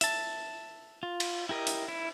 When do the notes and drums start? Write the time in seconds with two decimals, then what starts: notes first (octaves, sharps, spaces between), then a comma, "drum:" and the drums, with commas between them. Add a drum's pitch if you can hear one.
0.01 E5 A5, drum: hi-hat
1.03 F4
1.20 drum: cymbal
1.49 E4 G4 A#4 D#5
1.67 drum: hi-hat
1.88 E4